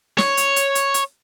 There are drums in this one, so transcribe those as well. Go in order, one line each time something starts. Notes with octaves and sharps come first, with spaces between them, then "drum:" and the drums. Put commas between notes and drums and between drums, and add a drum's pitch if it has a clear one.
C#5, drum: snare
drum: hi-hat
drum: hi-hat
drum: hi-hat
drum: hi-hat